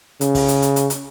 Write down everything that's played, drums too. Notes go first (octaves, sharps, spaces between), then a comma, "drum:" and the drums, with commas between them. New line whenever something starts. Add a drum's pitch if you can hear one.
C#3, drum: hi-hat
drum: kick, open hi-hat
drum: hi-hat
drum: hi-hat
drum: hi-hat
drum: hi-hat